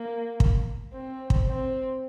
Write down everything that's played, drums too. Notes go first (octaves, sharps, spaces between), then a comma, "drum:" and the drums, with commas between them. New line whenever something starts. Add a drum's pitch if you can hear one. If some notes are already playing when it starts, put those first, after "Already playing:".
Already playing: A#3
drum: kick
C4
drum: kick
C4